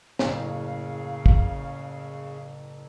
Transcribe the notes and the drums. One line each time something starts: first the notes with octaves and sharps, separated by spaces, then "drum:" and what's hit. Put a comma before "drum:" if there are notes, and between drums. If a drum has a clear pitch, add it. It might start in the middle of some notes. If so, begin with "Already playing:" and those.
F#1 A2 C#3 F5, drum: snare
drum: kick